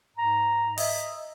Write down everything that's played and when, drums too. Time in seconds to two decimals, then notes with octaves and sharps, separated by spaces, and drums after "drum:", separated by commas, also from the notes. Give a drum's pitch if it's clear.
0.17 G#2 A#5
0.78 D#5 E5, drum: open hi-hat